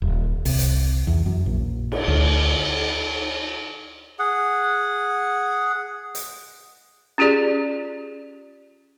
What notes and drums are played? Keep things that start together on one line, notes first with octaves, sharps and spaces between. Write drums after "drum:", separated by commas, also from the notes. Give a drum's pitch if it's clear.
D#1
C2, drum: open hi-hat
drum: hi-hat
E2
F#2
A#1
drum: cymbal
D2
G#4 F#5
drum: hi-hat
C#4 F4 G4 G#4 D5